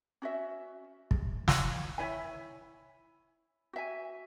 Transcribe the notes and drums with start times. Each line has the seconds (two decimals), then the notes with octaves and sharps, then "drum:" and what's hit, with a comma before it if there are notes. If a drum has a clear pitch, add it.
0.22 C#4 F#4 E5
1.11 drum: kick
1.48 drum: snare
1.98 E4 C#5 E5 G#5
3.73 F#4 E5 G#5